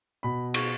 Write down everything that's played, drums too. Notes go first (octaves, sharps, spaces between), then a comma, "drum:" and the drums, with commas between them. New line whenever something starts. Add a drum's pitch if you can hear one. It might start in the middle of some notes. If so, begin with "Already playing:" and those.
B2 B5
C#6, drum: cymbal